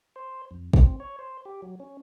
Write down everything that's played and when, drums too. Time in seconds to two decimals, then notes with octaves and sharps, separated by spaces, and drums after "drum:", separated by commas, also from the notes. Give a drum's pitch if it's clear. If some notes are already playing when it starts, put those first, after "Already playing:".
0.16 C5
0.51 F2
0.73 C4, drum: kick
1.00 C#5
1.19 C5
1.45 G4
1.62 F#3
1.80 C#4